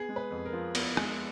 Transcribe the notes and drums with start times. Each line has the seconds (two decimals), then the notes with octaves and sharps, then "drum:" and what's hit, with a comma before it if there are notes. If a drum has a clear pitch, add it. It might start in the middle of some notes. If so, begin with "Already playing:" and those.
Already playing: B3 G#4
0.09 G#3
0.16 B4
0.31 F2
0.45 A#4
0.53 F3
0.75 B3, drum: cymbal
0.97 G#3, drum: rim click